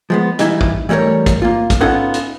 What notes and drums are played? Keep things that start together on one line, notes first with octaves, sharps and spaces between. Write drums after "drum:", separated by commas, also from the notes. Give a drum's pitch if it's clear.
F3 G#3 B3
A#2 E3 G3 D#4 E4, drum: hi-hat
drum: kick
E3 G3 A3 A#4 C#5
drum: kick, hi-hat
A#3 F4
drum: kick, hi-hat
B3 C#4 D#4 F4 A4 F#5
drum: hi-hat